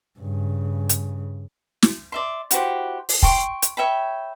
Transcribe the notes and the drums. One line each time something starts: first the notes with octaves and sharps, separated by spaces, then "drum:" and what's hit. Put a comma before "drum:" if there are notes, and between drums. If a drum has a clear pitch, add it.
G2 C#3
drum: hi-hat
drum: snare
D5 E5 C6
E4 F#4 G4 C5, drum: hi-hat
drum: open hi-hat
G5 C6 C#6, drum: kick
drum: hi-hat
C#5 E5 G5 B5